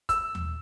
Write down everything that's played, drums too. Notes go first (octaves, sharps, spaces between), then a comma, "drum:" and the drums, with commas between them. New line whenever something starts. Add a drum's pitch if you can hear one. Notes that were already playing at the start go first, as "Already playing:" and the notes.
E6, drum: kick, hi-hat
drum: tom D#2